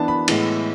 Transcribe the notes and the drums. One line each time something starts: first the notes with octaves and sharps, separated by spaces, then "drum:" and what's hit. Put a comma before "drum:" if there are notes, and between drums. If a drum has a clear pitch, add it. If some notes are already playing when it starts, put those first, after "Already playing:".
Already playing: E3 B3 D4 A5
B5
A2 E3 G#3 B3, drum: cymbal